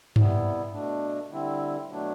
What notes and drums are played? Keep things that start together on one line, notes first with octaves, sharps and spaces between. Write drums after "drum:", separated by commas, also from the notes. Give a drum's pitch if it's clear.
C3 G3 B3 E4, drum: tom G2
B2 A3 D4
D3 G3 C4 E4
B2 F#3 A3 D4